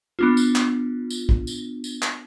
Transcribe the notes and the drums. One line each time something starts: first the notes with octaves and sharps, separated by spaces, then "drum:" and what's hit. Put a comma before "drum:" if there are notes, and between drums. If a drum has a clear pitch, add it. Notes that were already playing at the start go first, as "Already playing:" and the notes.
B3 D4 F4
drum: tambourine
drum: clap
drum: tambourine
drum: kick
drum: tambourine
drum: tambourine
drum: clap